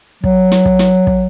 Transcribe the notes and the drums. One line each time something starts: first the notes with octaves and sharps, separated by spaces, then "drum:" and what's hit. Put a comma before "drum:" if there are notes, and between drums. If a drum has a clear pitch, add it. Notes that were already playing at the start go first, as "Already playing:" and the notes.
F#3, drum: kick
drum: snare
drum: kick
drum: snare
drum: kick